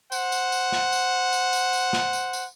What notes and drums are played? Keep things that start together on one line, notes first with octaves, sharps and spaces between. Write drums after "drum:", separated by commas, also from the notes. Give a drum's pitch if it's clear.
C5 F#5, drum: tambourine
drum: tambourine
drum: tambourine
drum: snare
drum: tambourine
drum: tambourine
drum: tambourine
drum: tambourine
drum: snare
drum: tambourine
drum: tambourine